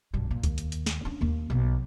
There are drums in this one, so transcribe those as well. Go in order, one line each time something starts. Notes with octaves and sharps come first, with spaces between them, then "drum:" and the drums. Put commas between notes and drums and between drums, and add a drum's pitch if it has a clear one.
B1 G2
A#2
D#2, drum: kick C#2, hi-hat
drum: hi-hat
drum: hi-hat
drum: snare
C#4 D4
D#2 A#3
B1 B2